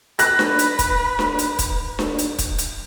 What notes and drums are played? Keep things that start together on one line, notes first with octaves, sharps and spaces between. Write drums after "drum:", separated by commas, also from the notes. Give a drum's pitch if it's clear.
B4 F#6 A#6, drum: hi-hat
drum: snare D4
drum: hi-hat
drum: kick, hi-hat
drum: snare D4
drum: hi-hat
drum: kick, hi-hat
drum: snare D4
drum: hi-hat
drum: kick, hi-hat
drum: hi-hat